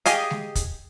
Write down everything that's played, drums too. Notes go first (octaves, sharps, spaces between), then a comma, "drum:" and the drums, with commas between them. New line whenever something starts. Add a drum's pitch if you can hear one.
G4 G#4 D#5 F5, drum: hi-hat
drum: snare G#3
drum: kick, hi-hat